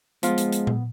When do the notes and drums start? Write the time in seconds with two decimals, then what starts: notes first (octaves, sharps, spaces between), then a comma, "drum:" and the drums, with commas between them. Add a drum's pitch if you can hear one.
0.23 F3 G#3 B3 F4, drum: hi-hat
0.38 drum: hi-hat
0.52 drum: hi-hat
0.67 drum: tom A#2